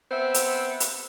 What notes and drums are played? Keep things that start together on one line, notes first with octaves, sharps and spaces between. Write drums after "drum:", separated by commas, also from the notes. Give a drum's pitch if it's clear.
B3 C4 C5 E5
drum: hi-hat
drum: hi-hat